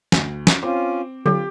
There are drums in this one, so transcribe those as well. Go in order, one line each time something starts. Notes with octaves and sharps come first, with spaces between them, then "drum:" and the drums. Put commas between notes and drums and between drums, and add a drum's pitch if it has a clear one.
D2, drum: snare
drum: snare
C4 C#4 F4 D6
D3 F#3 F4 G4